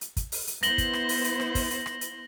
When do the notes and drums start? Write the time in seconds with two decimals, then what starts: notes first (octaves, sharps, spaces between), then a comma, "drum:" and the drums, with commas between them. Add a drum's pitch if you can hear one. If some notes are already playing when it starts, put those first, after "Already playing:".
0.01 drum: hi-hat
0.17 drum: kick, hi-hat
0.32 drum: open hi-hat
0.47 drum: hi-hat
0.63 B3 E4 C5 A#6 F#7 G7, drum: hi-hat
0.78 drum: kick, hi-hat
0.93 drum: rim click
1.09 drum: open hi-hat
1.24 drum: hi-hat
1.40 drum: rim click
1.55 drum: kick, open hi-hat
1.70 drum: hi-hat
1.86 drum: rim click
2.01 drum: hi-hat